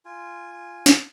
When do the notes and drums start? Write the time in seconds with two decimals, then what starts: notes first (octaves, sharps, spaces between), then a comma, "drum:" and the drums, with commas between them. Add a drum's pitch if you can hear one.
0.05 F4 G#5
0.86 drum: snare